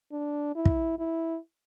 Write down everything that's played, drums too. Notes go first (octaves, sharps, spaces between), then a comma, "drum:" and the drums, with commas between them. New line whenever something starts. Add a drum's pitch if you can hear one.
D4
E4
drum: kick
E4